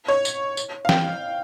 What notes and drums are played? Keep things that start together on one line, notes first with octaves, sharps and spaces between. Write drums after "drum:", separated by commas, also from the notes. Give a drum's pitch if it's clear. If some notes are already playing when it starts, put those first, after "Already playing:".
C#5
drum: tambourine
drum: tambourine
F5
G5, drum: snare E3